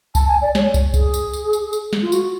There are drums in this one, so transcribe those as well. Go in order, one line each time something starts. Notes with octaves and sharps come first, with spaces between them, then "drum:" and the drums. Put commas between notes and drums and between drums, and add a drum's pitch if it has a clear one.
A5, drum: kick, tambourine
G#5
D5
C#5, drum: snare
drum: kick, tambourine
G#4, drum: kick, tambourine
drum: tambourine
drum: tambourine
drum: tambourine
drum: tambourine
drum: snare
F4
F#4, drum: tambourine